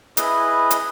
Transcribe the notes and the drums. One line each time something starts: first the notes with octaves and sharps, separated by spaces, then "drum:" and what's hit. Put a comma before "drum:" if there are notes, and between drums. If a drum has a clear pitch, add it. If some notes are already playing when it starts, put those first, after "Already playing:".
E4 G#4 B4 D#5, drum: hi-hat
drum: hi-hat